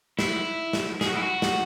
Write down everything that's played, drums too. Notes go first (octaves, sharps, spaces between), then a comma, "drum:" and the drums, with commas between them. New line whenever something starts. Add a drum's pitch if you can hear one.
E4, drum: snare
drum: snare
G#4, drum: snare
F#4
E4
F#4
drum: snare